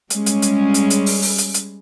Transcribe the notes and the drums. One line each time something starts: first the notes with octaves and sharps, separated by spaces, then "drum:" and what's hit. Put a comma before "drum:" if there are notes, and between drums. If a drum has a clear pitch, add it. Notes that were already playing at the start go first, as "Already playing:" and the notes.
G3 G#3 C#4, drum: hi-hat
drum: hi-hat
drum: hi-hat
drum: hi-hat
drum: hi-hat
drum: open hi-hat
drum: open hi-hat
drum: hi-hat
drum: hi-hat